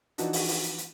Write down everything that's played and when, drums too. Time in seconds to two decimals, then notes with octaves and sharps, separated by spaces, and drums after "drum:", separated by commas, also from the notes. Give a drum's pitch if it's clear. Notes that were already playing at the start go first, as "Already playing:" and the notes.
0.18 E3 F3 D4 D#4 F#4, drum: hi-hat
0.33 drum: open hi-hat
0.48 drum: open hi-hat
0.63 drum: hi-hat
0.78 drum: hi-hat